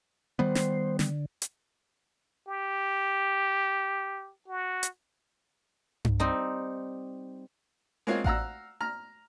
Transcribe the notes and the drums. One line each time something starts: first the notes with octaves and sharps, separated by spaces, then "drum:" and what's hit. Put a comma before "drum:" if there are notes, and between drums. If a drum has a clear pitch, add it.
D#3 G3 B3 C5
drum: snare
D3, drum: snare
drum: hi-hat
G4
F#4
drum: hi-hat
drum: tom G2
G3 C4 D#4
G#3 A#3 C4 F4 C#5 F5
F5 F#5 A#5 E6, drum: kick A1
A#5 F6